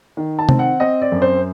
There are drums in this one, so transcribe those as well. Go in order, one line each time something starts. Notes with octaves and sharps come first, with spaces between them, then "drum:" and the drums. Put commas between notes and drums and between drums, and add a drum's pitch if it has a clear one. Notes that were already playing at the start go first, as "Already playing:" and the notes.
D#3
A5
C4, drum: tom C3
F#5
C4 D#5
D5
F#2
C5